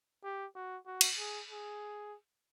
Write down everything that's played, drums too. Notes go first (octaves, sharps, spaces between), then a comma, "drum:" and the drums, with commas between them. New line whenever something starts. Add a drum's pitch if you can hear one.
G4
F#4
F#4
drum: cymbal
G#4
G#4